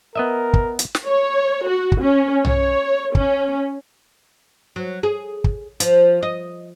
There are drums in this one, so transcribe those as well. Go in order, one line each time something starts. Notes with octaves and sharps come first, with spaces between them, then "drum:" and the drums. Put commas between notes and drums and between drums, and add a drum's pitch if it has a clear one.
B3 A#4 D#5 E5
drum: kick
drum: hi-hat
drum: snare
C#5
F#4
drum: kick
C#4
C#5, drum: tom B1
C#4, drum: kick
F#3
G#4
drum: kick
F3, drum: hi-hat
D#5